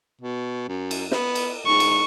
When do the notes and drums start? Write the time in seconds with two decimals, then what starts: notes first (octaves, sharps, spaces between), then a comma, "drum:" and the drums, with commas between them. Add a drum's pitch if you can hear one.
0.21 B2
0.68 F#2
0.91 drum: cymbal
1.11 B3, drum: snare
1.35 drum: cymbal
1.66 G#2 C#6
1.80 drum: cymbal